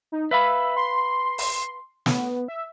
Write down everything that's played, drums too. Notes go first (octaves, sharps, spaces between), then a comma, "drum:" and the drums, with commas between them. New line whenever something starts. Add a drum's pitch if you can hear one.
D#4
B4 E5 F5 B5
C6
drum: open hi-hat
B3, drum: snare
E5